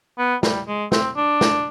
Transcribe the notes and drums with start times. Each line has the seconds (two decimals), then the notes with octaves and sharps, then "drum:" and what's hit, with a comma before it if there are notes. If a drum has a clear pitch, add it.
0.18 B3
0.43 G3, drum: snare
0.68 G#3
0.92 C4, drum: snare
1.17 D4
1.41 drum: snare